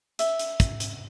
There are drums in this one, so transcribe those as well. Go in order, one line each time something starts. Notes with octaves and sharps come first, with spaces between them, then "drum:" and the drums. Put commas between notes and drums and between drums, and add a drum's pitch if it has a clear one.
E5, drum: hi-hat
drum: hi-hat
drum: kick, hi-hat
drum: hi-hat